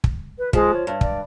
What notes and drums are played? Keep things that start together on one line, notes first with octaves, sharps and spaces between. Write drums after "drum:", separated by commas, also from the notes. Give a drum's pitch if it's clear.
drum: kick
B4
F3 G#3, drum: kick
C#5
G2
D5, drum: kick